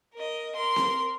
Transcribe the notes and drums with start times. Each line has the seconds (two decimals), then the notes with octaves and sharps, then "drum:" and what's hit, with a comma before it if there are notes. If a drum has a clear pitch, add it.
0.14 A#4 D#5
0.55 A#4 C6
0.76 drum: snare C4